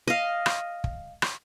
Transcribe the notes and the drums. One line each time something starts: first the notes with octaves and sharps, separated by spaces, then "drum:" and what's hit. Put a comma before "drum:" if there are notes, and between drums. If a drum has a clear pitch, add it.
D#5 F5
drum: rim click
drum: kick
drum: rim click